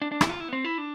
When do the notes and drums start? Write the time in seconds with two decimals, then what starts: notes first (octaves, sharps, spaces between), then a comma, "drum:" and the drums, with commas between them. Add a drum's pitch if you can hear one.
0.02 D4
0.12 D4
0.21 E4, drum: rim click
0.30 F4
0.40 E4
0.48 B3
0.53 C4
0.65 E4
0.78 D4